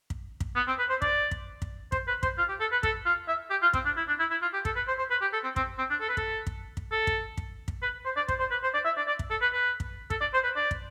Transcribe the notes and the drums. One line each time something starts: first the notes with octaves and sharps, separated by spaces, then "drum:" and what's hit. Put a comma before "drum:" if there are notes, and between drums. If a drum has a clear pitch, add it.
drum: kick
drum: kick
B3
C4
B4
C5
D5, drum: kick
drum: kick
drum: kick
C5, drum: kick
B4
C5, drum: kick
F4
G4
A4
B4
A4, drum: kick
F4
E5
G4
F4
C4, drum: kick
D4
E4
D4
E4
E4
F4
G4
A4, drum: kick
B4
C5
C5
B4
G4
A4
C4
C4, drum: kick
C4
D4
A4
B4
A4, drum: kick
drum: kick
drum: kick
A4
drum: kick
drum: kick
drum: kick
B4
C5
D5
C5, drum: kick
C5
B4
C5
D5
E5
D5
D5
drum: kick
A4
B4
B4
drum: kick
A4, drum: kick
D5
C5
B4
D5
drum: kick